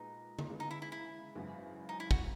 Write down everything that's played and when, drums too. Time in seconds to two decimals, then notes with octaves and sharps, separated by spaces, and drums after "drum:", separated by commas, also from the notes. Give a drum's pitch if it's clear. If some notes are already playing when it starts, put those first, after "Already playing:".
Already playing: A#2 G#3 B3 D#4 F#4 B4
0.39 drum: tom D3
0.49 C#3 E3 G#3 B3
0.60 D#4
0.71 E4
0.82 E4
0.92 E4
1.35 G#1 F#2 C#3 E3 B3
1.89 D#4
2.00 E4
2.11 F#4, drum: kick